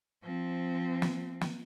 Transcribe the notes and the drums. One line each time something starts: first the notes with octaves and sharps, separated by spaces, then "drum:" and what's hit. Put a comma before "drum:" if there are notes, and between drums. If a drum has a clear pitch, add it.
F3 C4
drum: snare
drum: snare